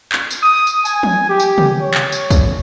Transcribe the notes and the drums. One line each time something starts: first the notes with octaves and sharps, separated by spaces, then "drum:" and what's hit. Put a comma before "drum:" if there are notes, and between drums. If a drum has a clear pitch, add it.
drum: clap
drum: tambourine
D#6
drum: tambourine
G#5, drum: tambourine
drum: tom
G4
drum: tambourine
drum: tom
C#5
drum: clap
drum: tambourine
drum: kick, tambourine